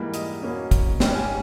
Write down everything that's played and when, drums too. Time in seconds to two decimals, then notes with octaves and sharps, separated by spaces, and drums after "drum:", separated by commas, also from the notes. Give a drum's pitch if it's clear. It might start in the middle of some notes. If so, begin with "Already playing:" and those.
Already playing: G#2 E3 G3 A#3 B5
0.14 D#5, drum: hi-hat
0.43 B2 A#3 C#4
0.71 drum: kick, hi-hat
1.00 G#2 G3 C#4 G5, drum: snare
1.15 G#5